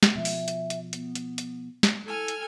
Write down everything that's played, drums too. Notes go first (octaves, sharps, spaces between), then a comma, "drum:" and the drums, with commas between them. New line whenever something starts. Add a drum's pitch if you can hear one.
drum: snare
B2 F3 E5
drum: open hi-hat
drum: hi-hat
drum: hi-hat
B3, drum: hi-hat
drum: hi-hat
drum: hi-hat
drum: snare
E4 A4 G#5 F6
drum: hi-hat